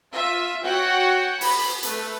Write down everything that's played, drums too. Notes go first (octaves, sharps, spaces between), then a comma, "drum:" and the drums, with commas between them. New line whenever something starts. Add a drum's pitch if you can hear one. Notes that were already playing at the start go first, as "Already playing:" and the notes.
F4 E5
F#4 C#5 F#5 G5
B5, drum: open hi-hat
A3 B4, drum: hi-hat